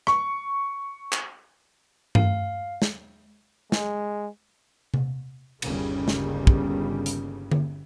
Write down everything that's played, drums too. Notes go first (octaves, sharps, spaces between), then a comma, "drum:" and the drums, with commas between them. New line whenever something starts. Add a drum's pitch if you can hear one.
C#6, drum: rim click
drum: clap
F5, drum: tom G2
drum: snare
G#3, drum: snare
drum: tom C3
G1 D#2 C#3 G3 A#3, drum: cymbal
drum: snare
drum: kick
drum: hi-hat
drum: tom D3